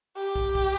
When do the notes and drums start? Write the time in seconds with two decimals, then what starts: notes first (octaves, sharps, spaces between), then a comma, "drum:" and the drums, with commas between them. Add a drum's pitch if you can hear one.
0.16 G4
0.36 drum: kick
0.55 drum: kick, hi-hat